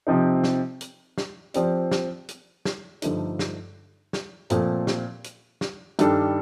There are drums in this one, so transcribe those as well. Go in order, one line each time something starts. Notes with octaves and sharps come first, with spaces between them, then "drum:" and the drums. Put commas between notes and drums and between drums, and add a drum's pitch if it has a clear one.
C3 F3 C4 D#4
drum: snare
drum: hi-hat
drum: snare
F3 C4 G4 D5, drum: hi-hat
drum: snare
drum: hi-hat
drum: snare
G2 D3 F3 A3 D#4, drum: hi-hat
drum: snare
drum: snare
A#2 F3 A3 C4, drum: hi-hat
drum: snare
drum: hi-hat
drum: snare
G2 D#3 G3 D4 A4, drum: hi-hat